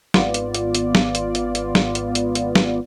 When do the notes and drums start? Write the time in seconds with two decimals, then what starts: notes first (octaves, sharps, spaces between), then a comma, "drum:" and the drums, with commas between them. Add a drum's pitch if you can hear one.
0.14 G#1 B3 F4 D5, drum: snare
0.34 drum: hi-hat
0.54 drum: hi-hat
0.75 drum: hi-hat
0.95 drum: snare
1.15 drum: hi-hat
1.35 drum: hi-hat
1.55 drum: hi-hat
1.75 drum: snare
1.95 drum: hi-hat
2.15 drum: hi-hat
2.35 drum: hi-hat
2.55 drum: snare